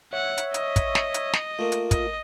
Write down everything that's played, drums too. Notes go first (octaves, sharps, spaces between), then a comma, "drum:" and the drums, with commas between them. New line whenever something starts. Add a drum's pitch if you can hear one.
C#5 E5 F#5
drum: hi-hat
D#5, drum: hi-hat
drum: kick, hi-hat
drum: snare
drum: hi-hat
drum: snare
A3 A#3 F4
drum: hi-hat
D#5, drum: kick, hi-hat